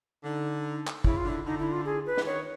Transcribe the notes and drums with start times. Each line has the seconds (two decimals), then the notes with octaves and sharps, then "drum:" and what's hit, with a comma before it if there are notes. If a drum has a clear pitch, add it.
0.24 D3 D#4
0.87 drum: clap
1.04 C#3 E4, drum: kick
1.17 F4
1.25 D3 E4
1.46 D3 D#4
1.59 E4
1.71 F4
1.85 G#4
2.06 B4
2.17 E3, drum: snare
2.26 D#3 C#5